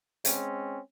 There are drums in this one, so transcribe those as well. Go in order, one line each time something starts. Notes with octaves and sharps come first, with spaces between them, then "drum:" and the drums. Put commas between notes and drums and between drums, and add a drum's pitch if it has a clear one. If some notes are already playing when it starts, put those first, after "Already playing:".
G#3 C4 C#4, drum: hi-hat